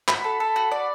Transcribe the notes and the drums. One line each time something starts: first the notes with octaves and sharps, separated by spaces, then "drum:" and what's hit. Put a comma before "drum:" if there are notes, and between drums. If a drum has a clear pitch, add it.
F#4 B5, drum: clap
A4
A4
F#4
D5